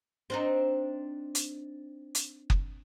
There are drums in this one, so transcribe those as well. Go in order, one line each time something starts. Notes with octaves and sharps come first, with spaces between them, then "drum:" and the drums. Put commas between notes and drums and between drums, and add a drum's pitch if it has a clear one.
C4 D4 D#4
drum: hi-hat
drum: hi-hat
drum: kick F#1